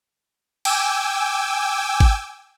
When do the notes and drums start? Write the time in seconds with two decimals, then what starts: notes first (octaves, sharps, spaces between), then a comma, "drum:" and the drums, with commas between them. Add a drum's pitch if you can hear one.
0.65 G5 G#5 D6 E6, drum: cymbal
2.00 drum: kick